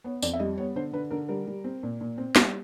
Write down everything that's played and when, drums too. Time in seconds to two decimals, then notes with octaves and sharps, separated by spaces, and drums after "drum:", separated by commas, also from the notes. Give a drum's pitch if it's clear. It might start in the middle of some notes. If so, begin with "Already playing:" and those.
0.04 B3 C#5
0.22 F2 D5, drum: tambourine
0.33 E5
0.40 G3 D#5
0.57 B3 C#5
0.76 D3 C5
0.93 D3 B4
1.11 D3 A#4
1.29 G3 A#4
1.47 G3
1.64 C4
1.83 A#2
2.01 A#2
2.18 C4
2.36 G3, drum: snare